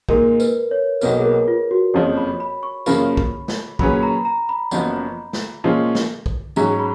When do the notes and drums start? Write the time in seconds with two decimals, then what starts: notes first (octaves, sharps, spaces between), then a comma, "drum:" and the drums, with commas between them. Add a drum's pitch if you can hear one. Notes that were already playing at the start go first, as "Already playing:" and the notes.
0.09 A#2 G#3 D#4 A#4, drum: kick
0.40 B4, drum: tambourine
0.71 C#5
1.01 B1 B2 A#3 B4, drum: tambourine
1.19 G#4
1.24 A#4
1.48 F4
1.71 F#4
1.94 F#1 F2 C#3 F3 C#5
2.17 B5
2.40 B5
2.63 C#6
2.86 F#2 C#3 F3 A#3 F4 B5, drum: tambourine
3.17 drum: kick
3.48 drum: snare
3.79 A#2 F#3 C#4 G#4 B4 B5, drum: kick
4.03 A#5
4.25 A#5
4.49 B5
4.71 F#1 F#2 F3 B3, drum: tambourine
5.33 drum: snare
5.64 A#2 F3 G#3 C#4 F4
5.95 drum: snare
6.26 drum: kick
6.56 G#2 F#3 C#4 G#4 A#5, drum: tambourine
6.79 B5